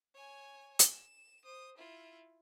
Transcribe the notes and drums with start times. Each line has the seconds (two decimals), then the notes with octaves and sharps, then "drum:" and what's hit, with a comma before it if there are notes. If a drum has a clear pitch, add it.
0.15 C#5 G#5
0.79 drum: hi-hat
0.93 E7
1.45 C5 D#6
1.77 E4 F4